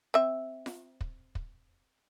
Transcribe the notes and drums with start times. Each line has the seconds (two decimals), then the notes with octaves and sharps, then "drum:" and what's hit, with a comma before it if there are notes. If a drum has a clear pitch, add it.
0.14 C4 E5
0.66 drum: snare F4
1.01 drum: kick
1.35 drum: kick